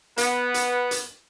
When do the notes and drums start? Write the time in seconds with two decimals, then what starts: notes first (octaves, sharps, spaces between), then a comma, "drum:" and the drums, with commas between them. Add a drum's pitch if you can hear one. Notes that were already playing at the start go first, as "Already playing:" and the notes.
0.17 B3, drum: hi-hat
0.54 drum: hi-hat
0.91 drum: hi-hat